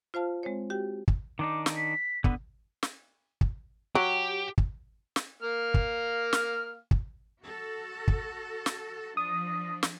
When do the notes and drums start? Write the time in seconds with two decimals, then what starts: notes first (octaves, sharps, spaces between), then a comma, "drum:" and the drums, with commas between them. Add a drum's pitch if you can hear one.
0.14 F4 C5 F5 A5 F6
0.43 G#3 C4 C5 C#5
0.70 F#4 G4 G5
1.08 drum: kick
1.39 D#3 D4 D#4 D6
1.66 drum: snare
1.77 B6
2.24 D3 B3 B4, drum: kick
2.83 drum: snare
3.41 drum: kick
3.95 F#3 G4
4.58 drum: kick
5.16 drum: snare
5.42 A#3 F5 F6
5.74 drum: kick
6.33 drum: snare
6.91 drum: kick
7.43 F#4 A4
8.08 drum: kick
8.66 drum: snare
9.17 F3 D4 D#6
9.83 drum: snare